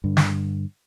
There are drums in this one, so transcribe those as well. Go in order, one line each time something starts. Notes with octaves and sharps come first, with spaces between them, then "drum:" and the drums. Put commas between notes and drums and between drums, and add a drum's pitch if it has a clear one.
G2 D3
drum: snare